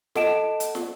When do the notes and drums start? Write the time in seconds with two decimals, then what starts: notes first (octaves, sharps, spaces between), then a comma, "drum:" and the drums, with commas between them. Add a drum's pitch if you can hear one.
0.15 A4 D#5 F#5 A5 D7 E7, drum: snare
0.60 drum: hi-hat
0.75 drum: snare